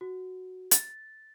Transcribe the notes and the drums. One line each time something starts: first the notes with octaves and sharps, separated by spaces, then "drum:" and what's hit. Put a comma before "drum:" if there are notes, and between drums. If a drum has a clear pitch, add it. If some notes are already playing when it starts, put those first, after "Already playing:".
F#4
A6, drum: hi-hat